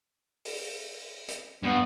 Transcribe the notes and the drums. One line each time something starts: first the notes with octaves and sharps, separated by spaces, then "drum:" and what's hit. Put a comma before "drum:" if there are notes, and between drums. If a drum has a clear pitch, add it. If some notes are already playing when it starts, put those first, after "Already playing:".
drum: open hi-hat
drum: hi-hat
G2 B3